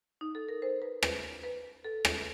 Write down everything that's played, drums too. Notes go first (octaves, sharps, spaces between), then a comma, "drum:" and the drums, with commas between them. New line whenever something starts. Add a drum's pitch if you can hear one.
D#4
A4
A#4
C5
B4
B4, drum: rim click
B4
A4
drum: rim click